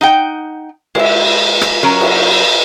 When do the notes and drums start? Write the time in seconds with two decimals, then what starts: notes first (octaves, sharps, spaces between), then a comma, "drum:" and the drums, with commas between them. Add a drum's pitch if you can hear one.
0.01 D#4 F#5 G5
0.95 G#3 E5, drum: cymbal
1.62 drum: rim click
1.83 F#3 C#4 A#4
2.01 drum: cymbal